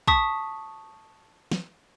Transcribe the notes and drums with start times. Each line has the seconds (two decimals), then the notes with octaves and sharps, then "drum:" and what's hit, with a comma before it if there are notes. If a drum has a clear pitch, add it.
0.07 A5 C#6 D#6 B6, drum: kick
1.52 drum: snare